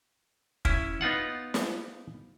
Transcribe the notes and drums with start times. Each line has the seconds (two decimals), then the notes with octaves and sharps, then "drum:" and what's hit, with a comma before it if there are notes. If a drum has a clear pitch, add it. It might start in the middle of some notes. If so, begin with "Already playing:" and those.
0.65 C#4 E4, drum: kick
1.01 B3 D#4 F4 F#5
1.54 drum: snare